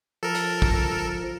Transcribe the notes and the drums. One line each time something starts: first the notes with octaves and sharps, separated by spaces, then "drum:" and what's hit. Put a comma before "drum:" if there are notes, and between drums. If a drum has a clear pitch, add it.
F3 A4 A#4
drum: hi-hat
drum: kick